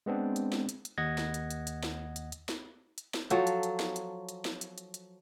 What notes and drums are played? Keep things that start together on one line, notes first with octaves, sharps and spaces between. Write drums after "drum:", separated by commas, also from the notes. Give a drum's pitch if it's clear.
G#3 B3 C4 D4
drum: hi-hat
drum: snare
drum: hi-hat
drum: hi-hat
D#2 D#5 F#5 G#6 A#6
drum: snare
drum: hi-hat
drum: hi-hat
drum: hi-hat
drum: snare
drum: hi-hat
drum: hi-hat
drum: snare
drum: hi-hat
drum: snare
F3 F#3 A4, drum: hi-hat
drum: hi-hat
drum: hi-hat
drum: snare
drum: hi-hat
drum: hi-hat
drum: snare
drum: hi-hat
drum: hi-hat
drum: hi-hat